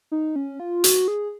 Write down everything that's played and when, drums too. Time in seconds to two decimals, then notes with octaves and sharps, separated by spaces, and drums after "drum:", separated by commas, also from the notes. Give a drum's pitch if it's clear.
0.12 D#4
0.36 C#4
0.60 F4
0.84 F#4, drum: hi-hat
1.08 G#4